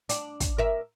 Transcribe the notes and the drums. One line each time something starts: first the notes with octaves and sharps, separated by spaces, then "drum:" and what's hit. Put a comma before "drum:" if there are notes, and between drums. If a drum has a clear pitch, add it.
D4, drum: hi-hat
drum: kick, hi-hat
A#4 E5